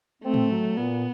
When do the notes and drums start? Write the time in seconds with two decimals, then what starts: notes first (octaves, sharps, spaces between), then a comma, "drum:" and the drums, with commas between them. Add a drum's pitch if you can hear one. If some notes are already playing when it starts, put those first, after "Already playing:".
0.23 A3 C4
0.34 drum: tom A2
0.50 F#3
0.77 A#2 B3